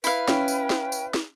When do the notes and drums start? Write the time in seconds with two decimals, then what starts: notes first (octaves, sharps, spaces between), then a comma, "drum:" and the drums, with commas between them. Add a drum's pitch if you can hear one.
0.04 E4 B4 F5, drum: tambourine
0.28 C#4 G5, drum: snare
0.48 drum: tambourine
0.70 drum: snare
0.92 drum: tambourine
1.14 drum: snare